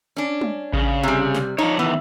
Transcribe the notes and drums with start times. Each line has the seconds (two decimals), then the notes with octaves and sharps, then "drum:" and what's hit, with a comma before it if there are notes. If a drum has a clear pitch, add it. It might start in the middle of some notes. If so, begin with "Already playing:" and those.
0.17 C#4 D4
0.41 drum: tom G3
0.73 C#3, drum: kick A1
1.03 C3 G3
1.35 drum: snare
1.58 F3 D4 D#4 C#5
1.79 D#3 E3 B3